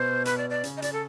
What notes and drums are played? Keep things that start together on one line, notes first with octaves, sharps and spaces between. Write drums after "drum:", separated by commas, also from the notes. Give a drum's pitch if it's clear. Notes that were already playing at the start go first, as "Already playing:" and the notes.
Already playing: B2 C5
B4, drum: hi-hat
D5
D5
C#3, drum: hi-hat
D#5
D5, drum: hi-hat
A4